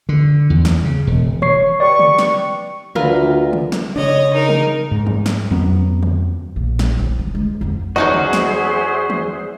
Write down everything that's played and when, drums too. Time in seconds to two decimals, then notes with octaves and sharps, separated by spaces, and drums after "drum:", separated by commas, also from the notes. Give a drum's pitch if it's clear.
0.09 D3
0.50 E2
0.65 drum: snare
0.85 C#3
1.07 E1
1.42 C#5 C#6 C7, drum: tom
1.80 G4 B4 D5 C#6
1.99 drum: tom
2.19 drum: snare
2.95 D2 F4 A#4 B4, drum: tom
3.53 drum: tom
3.72 drum: snare
3.96 C#3 D4 C#5 D#5
4.33 D#4 A#4
4.49 drum: tom
4.91 G#2
5.07 drum: tom
5.26 drum: snare
5.51 F2 F#3 B3 C#4
6.03 drum: tom
6.56 A#1
6.79 drum: snare
6.99 C4
7.19 G3
7.35 G#3
7.61 F2 D3
7.96 E2 C#4 D#4 E4 F#4 G#4 C5 D#5
8.14 drum: tom
8.33 drum: snare
9.10 drum: tom